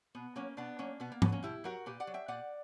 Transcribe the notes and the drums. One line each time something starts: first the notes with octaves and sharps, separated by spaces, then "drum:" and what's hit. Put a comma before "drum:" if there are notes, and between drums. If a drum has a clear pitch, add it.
B2 B3
F#3 A#3 C#4
B2 B3 D4
F#3 A#3 C#4
B2 B3
A#3
F#3 B3, drum: tom G#2
A#3 C#4
B2 E4 G4
F#3 F#4 A#4
A#2 G4 B4
D5 F#5
F#3
E5 G5
A#2 D5 F#5